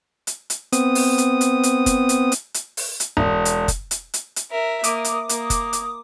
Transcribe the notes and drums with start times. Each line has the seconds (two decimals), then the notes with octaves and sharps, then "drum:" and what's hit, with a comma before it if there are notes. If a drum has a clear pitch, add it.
0.27 drum: hi-hat
0.50 drum: hi-hat
0.72 B3 C4 D#6, drum: hi-hat
0.95 drum: open hi-hat
1.18 drum: hi-hat
1.41 drum: hi-hat
1.63 drum: hi-hat
1.86 drum: kick F#1, hi-hat
2.09 drum: hi-hat
2.32 drum: hi-hat
2.54 drum: hi-hat
2.77 drum: open hi-hat
3.00 drum: hi-hat
3.17 E1
3.45 drum: hi-hat
3.68 drum: kick F#1, hi-hat
3.91 drum: hi-hat
4.14 drum: hi-hat
4.36 drum: hi-hat
4.50 A#4 E5
4.84 A#3 D6 D#6, drum: hi-hat
5.05 drum: hi-hat
5.29 A#3, drum: hi-hat
5.50 drum: kick F#1, hi-hat
5.73 drum: hi-hat